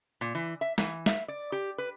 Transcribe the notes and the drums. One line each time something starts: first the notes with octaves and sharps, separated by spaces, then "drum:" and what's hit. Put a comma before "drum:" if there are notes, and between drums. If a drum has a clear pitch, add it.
A#2
E3
E5
E3, drum: snare
E5, drum: snare
D5
G4
B4